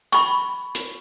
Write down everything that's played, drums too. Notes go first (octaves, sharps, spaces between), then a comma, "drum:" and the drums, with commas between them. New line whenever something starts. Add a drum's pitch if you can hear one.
B5 C#6, drum: hi-hat
drum: hi-hat